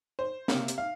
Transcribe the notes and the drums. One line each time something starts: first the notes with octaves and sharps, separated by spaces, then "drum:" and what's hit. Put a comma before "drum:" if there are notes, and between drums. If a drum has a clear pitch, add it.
C5
C3 A#3, drum: snare
drum: hi-hat
F5